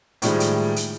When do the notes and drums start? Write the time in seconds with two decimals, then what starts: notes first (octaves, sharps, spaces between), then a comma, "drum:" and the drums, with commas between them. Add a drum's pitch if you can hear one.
0.22 A2 D#3 F3 G3 G#3, drum: hi-hat
0.40 drum: hi-hat
0.76 drum: hi-hat